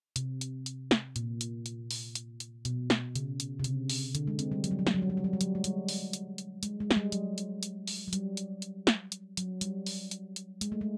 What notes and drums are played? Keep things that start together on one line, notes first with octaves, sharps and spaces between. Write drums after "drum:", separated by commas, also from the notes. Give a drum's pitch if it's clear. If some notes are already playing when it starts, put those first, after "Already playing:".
C3, drum: hi-hat
drum: hi-hat
drum: hi-hat
drum: snare
A#2, drum: hi-hat
drum: hi-hat
drum: hi-hat
drum: open hi-hat
drum: hi-hat
drum: hi-hat
B2, drum: hi-hat
drum: snare
C#3, drum: hi-hat
drum: hi-hat
C3
C#3, drum: hi-hat
drum: open hi-hat
D3, drum: hi-hat
G#3
C4, drum: hi-hat
G3
F#3, drum: hi-hat
G3
F#3
G3, drum: snare
F#3
G3
F#3
G3
F#3
G3
F#3, drum: hi-hat
G#3
G3, drum: hi-hat
drum: open hi-hat
drum: hi-hat
drum: hi-hat
G#3, drum: hi-hat
G#3
G#3, drum: snare
G3
F#3, drum: hi-hat
drum: hi-hat
drum: hi-hat
drum: open hi-hat
F#3
G3, drum: hi-hat
drum: hi-hat
drum: hi-hat
drum: snare
drum: hi-hat
F#3, drum: hi-hat
G3, drum: hi-hat
drum: open hi-hat
drum: hi-hat
drum: hi-hat
G#3, drum: hi-hat
A3
G#3